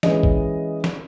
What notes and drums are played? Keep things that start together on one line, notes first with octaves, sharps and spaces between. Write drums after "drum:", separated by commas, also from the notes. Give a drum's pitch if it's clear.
E3 G#3 C#4 D#5, drum: snare
drum: kick
drum: snare